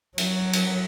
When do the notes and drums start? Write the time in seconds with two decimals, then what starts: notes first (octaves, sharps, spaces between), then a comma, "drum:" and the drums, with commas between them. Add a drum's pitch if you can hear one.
0.18 F#3, drum: cymbal
0.53 drum: cymbal